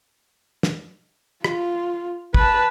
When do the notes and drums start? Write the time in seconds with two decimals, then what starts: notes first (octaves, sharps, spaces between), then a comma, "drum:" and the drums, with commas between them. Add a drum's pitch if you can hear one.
0.63 drum: snare
1.44 F4, drum: rim click
2.34 B4 A5, drum: kick